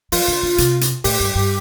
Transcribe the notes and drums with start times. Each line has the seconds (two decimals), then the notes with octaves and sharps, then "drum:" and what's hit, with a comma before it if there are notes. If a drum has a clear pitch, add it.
0.12 F3 F4, drum: open hi-hat
0.28 D3
0.43 D3
0.58 C3, drum: hi-hat
0.81 drum: hi-hat
1.04 A2 G4, drum: open hi-hat
1.20 G2
1.35 G2